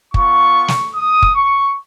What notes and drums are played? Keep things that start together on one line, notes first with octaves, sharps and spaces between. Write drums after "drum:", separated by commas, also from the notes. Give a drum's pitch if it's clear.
B3 F4 C#6, drum: kick
drum: snare
D#6
drum: kick
C#6